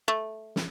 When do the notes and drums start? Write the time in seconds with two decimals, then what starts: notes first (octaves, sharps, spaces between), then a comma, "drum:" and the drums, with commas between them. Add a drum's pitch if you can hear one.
0.08 A3
0.56 drum: snare